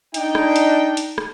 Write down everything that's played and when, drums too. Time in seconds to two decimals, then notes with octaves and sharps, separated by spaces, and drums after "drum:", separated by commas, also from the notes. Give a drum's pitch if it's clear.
0.14 D4 D#4 G5, drum: hi-hat
0.35 drum: rim click
0.56 drum: hi-hat
0.97 drum: hi-hat
1.18 drum: rim click